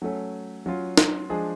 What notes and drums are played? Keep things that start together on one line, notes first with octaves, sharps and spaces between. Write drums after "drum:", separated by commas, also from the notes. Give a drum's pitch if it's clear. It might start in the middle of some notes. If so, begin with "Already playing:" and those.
F#3 A3 C#4
F#3 C#4 F4
drum: snare
F3 G#3 D4 G#4